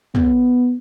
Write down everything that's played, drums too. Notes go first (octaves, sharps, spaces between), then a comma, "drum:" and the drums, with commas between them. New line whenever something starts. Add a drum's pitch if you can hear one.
B3, drum: tom